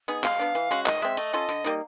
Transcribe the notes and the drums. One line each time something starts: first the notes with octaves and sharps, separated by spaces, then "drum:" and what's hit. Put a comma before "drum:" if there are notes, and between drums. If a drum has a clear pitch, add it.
B3 D#4 G#4
G#3 F5, drum: clap
B3 D4
E3, drum: hi-hat
G#3 C#4 F#4
D#3 D#5, drum: clap
G#3 C4 E5
A3 D#5, drum: hi-hat
C#4 F4 A4
D3, drum: hi-hat
G3 A#3 D#4